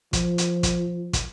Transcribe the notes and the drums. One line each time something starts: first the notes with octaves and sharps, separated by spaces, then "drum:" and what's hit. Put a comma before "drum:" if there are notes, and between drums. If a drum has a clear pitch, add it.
F3, drum: kick, hi-hat
drum: hi-hat
drum: kick, hi-hat
drum: kick, hi-hat